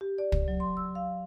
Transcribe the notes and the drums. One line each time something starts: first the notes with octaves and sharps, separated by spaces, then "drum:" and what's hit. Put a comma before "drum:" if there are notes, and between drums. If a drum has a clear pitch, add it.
G4
D5
drum: kick
F#3
C6
E6
F5